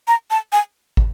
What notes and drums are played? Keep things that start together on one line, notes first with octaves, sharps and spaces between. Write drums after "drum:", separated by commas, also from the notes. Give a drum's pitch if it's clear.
A#5
A5
G#5
drum: kick